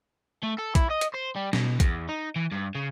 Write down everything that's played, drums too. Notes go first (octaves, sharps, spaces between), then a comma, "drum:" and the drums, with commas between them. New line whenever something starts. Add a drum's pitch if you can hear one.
A3
A4
E4, drum: kick A#1, hi-hat
D#5
drum: hi-hat
C5
G3
B2, drum: snare
E2, drum: kick A#1, hi-hat
D#4
E3
G2
C#3